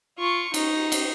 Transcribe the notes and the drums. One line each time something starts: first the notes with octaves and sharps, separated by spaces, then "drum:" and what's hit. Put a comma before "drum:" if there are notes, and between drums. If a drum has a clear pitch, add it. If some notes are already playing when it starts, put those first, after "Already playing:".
F4 C#6
D#4, drum: cymbal
drum: cymbal